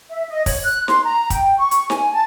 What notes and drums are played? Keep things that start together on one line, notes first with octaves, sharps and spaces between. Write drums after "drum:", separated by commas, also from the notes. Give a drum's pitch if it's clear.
E5
D#5
C#5, drum: kick, open hi-hat
F#6
C6, drum: snare
A#5
G5, drum: kick, hi-hat
C#6
drum: hi-hat
G#5, drum: snare
A5